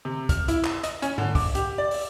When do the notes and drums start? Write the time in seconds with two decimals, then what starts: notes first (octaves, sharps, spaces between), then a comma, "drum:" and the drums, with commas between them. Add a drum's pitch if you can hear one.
0.05 C3
0.29 F6, drum: kick, hi-hat
0.48 E4, drum: hi-hat
0.64 drum: clap
0.83 D#5, drum: hi-hat
1.02 C#4, drum: hi-hat
1.18 D3, drum: tom G#2
1.35 D6, drum: kick, open hi-hat
1.55 G4, drum: hi-hat
1.78 D5
1.91 drum: open hi-hat